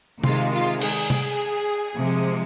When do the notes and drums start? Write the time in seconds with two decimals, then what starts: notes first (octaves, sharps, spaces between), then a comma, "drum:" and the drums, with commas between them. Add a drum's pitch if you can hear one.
0.24 C3 D#3 G#3 F4, drum: tom C3
0.52 F4
0.81 G#4, drum: cymbal
1.10 drum: tom C3
1.96 C3 F3 G#3